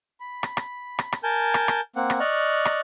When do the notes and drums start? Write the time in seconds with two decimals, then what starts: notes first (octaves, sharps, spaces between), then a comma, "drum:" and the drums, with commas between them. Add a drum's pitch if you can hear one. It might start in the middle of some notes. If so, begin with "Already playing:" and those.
0.20 B5
0.43 drum: rim click
0.57 drum: rim click
0.99 drum: rim click
1.12 drum: rim click
1.23 A#4 G#5 A5 G6
1.54 drum: rim click
1.68 drum: rim click
1.96 A#3 C4 F#5
2.10 drum: rim click
2.20 D5 D#5 C#6 F6 F#6
2.65 drum: rim click